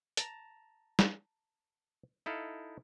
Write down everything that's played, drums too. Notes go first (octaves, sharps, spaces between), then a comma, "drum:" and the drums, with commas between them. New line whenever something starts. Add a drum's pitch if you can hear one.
A5 A#5, drum: hi-hat
drum: snare
D#4 E4 A4 F5